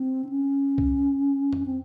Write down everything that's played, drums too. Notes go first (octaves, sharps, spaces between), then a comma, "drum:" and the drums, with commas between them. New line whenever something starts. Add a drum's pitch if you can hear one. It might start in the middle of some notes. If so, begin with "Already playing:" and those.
Already playing: C4
D4
C#4
drum: kick C2
drum: tom F2
C4